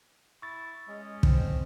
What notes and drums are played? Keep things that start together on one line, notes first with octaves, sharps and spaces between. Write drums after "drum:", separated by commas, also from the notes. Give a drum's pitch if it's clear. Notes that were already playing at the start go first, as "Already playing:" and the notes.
E4 C#6 A6
G#3 C#4 D#5
C4, drum: kick